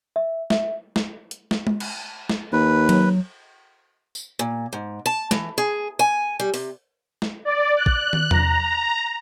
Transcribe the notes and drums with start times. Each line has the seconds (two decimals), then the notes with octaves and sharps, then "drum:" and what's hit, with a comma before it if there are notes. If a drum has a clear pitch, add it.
0.16 E5
0.50 E5, drum: snare
0.96 drum: snare
1.31 drum: hi-hat
1.51 drum: snare
1.67 drum: tom G#3
1.80 drum: cymbal
2.29 drum: snare
2.53 D#2 B4
2.89 F#3, drum: cymbal
4.15 drum: tambourine
4.39 A#2
4.73 G#2
5.06 A5
5.31 E3, drum: snare
5.58 G#4
5.99 G#5
6.40 G3
6.54 C3, drum: open hi-hat
7.22 drum: snare
7.45 D5
7.77 F#6
7.86 drum: kick
8.13 drum: tom
8.31 A#5, drum: tom E2